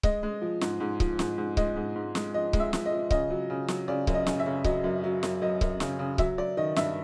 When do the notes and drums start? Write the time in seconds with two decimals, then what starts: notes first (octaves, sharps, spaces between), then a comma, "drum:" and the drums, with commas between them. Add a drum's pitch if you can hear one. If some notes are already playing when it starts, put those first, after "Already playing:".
0.03 G#3 D#5, drum: kick C#1
0.23 G#3
0.42 F3
0.61 G#2, drum: snare
0.80 G#2
1.00 F3, drum: kick C#1
1.19 G#2, drum: snare
1.38 G#2
1.57 G#3 D#5, drum: kick C#1
1.76 G#2
1.96 G#2
2.15 G#3, drum: snare
2.34 F3 D#5
2.53 G#3, drum: kick C#1
2.60 E5
2.73 F3, drum: snare
2.86 D#5
2.92 F3
3.11 C#3 D#5, drum: kick C#1
3.30 F#3
3.50 C#3
3.68 F#3, drum: snare
3.88 C#3 D5
4.07 F#2, drum: kick C#1
4.14 D#5
4.27 C#3, drum: snare
4.39 E5
4.46 C#3
4.64 F#3 D#5, drum: kick C#1
4.84 F#2
5.04 F#3
5.23 F#2, drum: snare
5.42 F#2 D#5
5.61 F#2, drum: kick C#1
5.80 C#3, drum: snare
5.99 C#3
6.18 F#3 E5, drum: kick C#1
6.38 F#3 D5
6.57 D#3 D#5
6.76 G2 E5, drum: snare